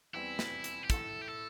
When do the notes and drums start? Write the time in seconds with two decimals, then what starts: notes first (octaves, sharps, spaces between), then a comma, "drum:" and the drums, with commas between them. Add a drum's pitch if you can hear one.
0.14 E2 E3 G3 C4 E4
0.39 drum: snare
0.64 drum: hi-hat
0.83 G4
0.90 A2 A3 E4 A4, drum: kick, hi-hat
1.21 G4
1.28 A4